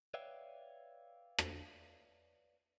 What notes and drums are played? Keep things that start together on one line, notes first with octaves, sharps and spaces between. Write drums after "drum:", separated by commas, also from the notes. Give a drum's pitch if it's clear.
B4 C#5 D5 E5 F5 G5
drum: rim click